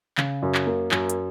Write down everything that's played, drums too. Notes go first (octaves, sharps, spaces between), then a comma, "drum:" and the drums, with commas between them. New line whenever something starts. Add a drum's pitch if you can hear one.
C#3, drum: clap
F#2
drum: clap
A#3
F#2, drum: clap
drum: hi-hat